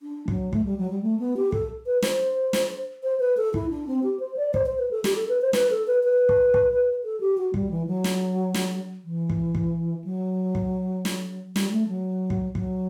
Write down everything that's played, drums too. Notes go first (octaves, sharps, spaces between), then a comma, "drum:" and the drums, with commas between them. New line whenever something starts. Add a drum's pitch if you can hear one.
D4
F#3, drum: kick
A3, drum: kick
G3
F#3
G3
A3
B3
G4
A4, drum: kick
B4
C5, drum: snare
drum: snare
C5
B4
A4
E4, drum: kick
D4
C4
G4
C5
D5
C5, drum: kick
C5
B4
A4
G4, drum: snare
A4
B4
C5
B4, drum: snare
A4
B4
B4
drum: kick
drum: kick
A4
G4
F#4
G3, drum: kick
E3
F#3
drum: snare
drum: snare
E3
drum: kick
drum: kick
F#3
drum: kick
drum: snare
G3, drum: snare
A3
F#3
drum: kick
F#3, drum: kick